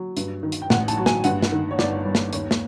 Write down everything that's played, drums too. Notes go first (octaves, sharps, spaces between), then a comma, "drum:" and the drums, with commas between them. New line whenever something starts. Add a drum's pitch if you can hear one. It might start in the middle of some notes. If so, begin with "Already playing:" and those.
Already playing: F#3
G2, drum: hi-hat
D#3
drum: hi-hat
G5
A1 F#5, drum: snare
A5, drum: hi-hat
F#3
G#5, drum: snare
G2 F#5, drum: hi-hat
drum: snare
D#3
C#5
G1 D5, drum: snare
G3
drum: snare
D#2 C#5, drum: hi-hat
drum: snare